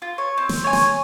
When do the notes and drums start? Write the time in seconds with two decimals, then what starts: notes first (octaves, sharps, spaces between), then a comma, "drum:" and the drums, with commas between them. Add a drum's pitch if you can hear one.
0.02 F4
0.18 C#5
0.38 C4
0.49 drum: snare
0.64 C#5 G#5
0.73 drum: snare